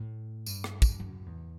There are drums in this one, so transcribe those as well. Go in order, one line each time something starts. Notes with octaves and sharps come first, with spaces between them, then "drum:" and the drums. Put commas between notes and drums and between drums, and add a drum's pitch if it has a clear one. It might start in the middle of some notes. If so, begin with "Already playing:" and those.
Already playing: A2
G2, drum: tambourine
drum: rim click
drum: kick, tambourine
F#2
E2